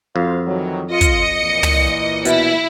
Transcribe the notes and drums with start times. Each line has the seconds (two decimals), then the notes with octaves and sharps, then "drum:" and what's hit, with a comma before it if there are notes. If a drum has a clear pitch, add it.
0.16 F2 F#4 C5 F5
0.47 D#3 E3 F#3
0.91 F4 D#5 C#7
1.01 drum: kick, hi-hat
1.42 A#2 E3
1.63 drum: tom
2.25 B2 E4, drum: hi-hat